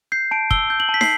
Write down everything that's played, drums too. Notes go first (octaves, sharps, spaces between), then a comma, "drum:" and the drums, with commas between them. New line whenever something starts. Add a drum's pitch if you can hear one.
G6 C7
A5 D7
E6 G7, drum: kick
G6
F#7
A5
B6
C7, drum: snare